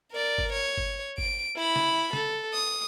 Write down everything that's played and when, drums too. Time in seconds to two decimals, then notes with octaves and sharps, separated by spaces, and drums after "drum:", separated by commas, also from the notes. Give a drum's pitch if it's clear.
0.12 A#4 D5
0.38 drum: kick G1
0.52 C#5
0.78 drum: kick G1
1.18 D7, drum: kick G1
1.56 E4 B5
1.76 drum: snare
2.13 A4, drum: snare
2.54 D#6